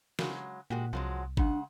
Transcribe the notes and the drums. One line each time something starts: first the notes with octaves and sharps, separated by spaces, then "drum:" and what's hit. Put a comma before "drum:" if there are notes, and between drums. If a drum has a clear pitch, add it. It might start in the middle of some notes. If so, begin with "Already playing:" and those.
C#3 F#3 G#3, drum: snare
A#2 G#3 F#4 G4
C2 F3 F#3 G#3
C#3 G#3 D4 F#5, drum: kick